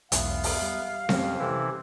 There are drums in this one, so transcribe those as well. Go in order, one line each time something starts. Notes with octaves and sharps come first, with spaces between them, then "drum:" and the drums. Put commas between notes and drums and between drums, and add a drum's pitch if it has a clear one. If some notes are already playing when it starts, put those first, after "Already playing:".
B1 E2 G#2 B3 E5 F5, drum: hi-hat
drum: open hi-hat
G3
F2 C4 C#4 G4, drum: snare C4
C3 E3 E4 A4